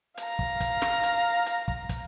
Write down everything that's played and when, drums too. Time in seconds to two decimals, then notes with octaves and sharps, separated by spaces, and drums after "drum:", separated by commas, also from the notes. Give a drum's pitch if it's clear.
0.17 F5 A#5, drum: hi-hat
0.39 drum: kick
0.60 drum: kick, hi-hat
0.82 drum: snare
1.03 drum: hi-hat
1.46 drum: hi-hat
1.68 drum: kick
1.89 drum: kick, hi-hat